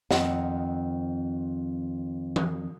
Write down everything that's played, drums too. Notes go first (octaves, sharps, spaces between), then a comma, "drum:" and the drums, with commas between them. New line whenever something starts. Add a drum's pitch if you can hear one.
F2 D#3 C4 D#5 F#5, drum: snare
drum: tom E3